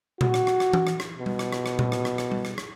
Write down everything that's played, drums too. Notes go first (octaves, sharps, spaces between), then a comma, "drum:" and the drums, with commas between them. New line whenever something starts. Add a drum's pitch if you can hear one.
F#4, drum: tom A#2
drum: rim click
drum: rim click
drum: rim click
drum: tom E3
drum: rim click
drum: rim click
B2
drum: tom G3
drum: rim click
drum: rim click
drum: rim click
drum: tom A#2
drum: rim click
drum: rim click
drum: rim click
drum: tom G3
drum: rim click
drum: rim click